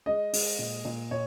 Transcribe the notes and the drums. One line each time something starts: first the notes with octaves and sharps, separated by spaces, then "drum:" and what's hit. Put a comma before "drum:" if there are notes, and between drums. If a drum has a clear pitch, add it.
G#3 D#5
G#3, drum: open hi-hat
A#2
A#2
A#2 C#5